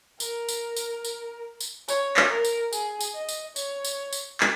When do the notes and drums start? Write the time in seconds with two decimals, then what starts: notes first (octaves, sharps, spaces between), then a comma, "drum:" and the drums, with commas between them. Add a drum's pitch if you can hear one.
0.20 A#4, drum: tambourine
0.49 drum: tambourine
0.77 drum: tambourine
1.05 drum: tambourine
1.61 drum: tambourine
1.89 C#5, drum: tambourine
2.17 drum: clap
2.31 A#4
2.45 drum: tambourine
2.73 G#4, drum: tambourine
3.01 drum: tambourine
3.15 D#5
3.29 drum: tambourine
3.56 C#5, drum: tambourine
3.85 drum: tambourine
4.13 drum: tambourine
4.41 drum: clap